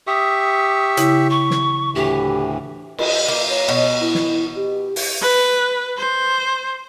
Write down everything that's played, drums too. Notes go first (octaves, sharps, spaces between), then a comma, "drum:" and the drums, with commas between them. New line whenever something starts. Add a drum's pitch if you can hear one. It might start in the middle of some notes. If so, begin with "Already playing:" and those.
G4 E5 C#6 D#6
C#3 E4, drum: hi-hat
C#6
drum: snare
D2 A2 E3 G4
D#5, drum: cymbal
A#3
C#5
B2
E4
drum: snare
G4
drum: open hi-hat
B4
C5